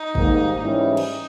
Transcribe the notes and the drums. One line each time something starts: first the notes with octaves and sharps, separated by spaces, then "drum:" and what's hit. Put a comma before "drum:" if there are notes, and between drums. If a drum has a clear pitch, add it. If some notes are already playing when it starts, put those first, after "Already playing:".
Already playing: D#4
G#2 D#3 G3 A#3, drum: kick
G#2 E3 G3 C#4 D#4 E4
drum: cymbal